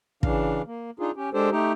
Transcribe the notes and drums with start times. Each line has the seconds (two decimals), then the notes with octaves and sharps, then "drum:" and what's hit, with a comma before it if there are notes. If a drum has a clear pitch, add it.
0.23 C#3 E3 D4 F5, drum: kick
0.67 A#3
0.99 D4 D#4 F4 G#4
1.16 C#4 G4
1.34 G#3 D4 G4 A4 C5
1.51 A3 D#4 G4